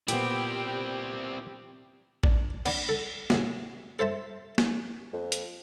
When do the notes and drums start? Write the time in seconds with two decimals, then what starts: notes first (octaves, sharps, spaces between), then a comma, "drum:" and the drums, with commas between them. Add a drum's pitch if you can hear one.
0.08 A#2 B3 C4 E4 G4, drum: hi-hat
2.24 D4, drum: kick A1
2.66 B3 D4, drum: cymbal
2.89 A4
3.30 F#2 B2 G#4, drum: snare
3.99 A4 C5 E5 A5
4.58 drum: snare
5.13 F2
5.32 drum: hi-hat